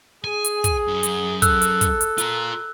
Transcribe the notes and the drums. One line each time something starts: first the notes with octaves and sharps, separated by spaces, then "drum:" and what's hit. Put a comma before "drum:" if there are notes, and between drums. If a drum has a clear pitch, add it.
G#4 G#5
drum: hi-hat
drum: kick, hi-hat
F#2
drum: hi-hat
A4 E6 F#6, drum: kick, hi-hat
drum: hi-hat
drum: kick, hi-hat
drum: hi-hat
F4 A#4, drum: hi-hat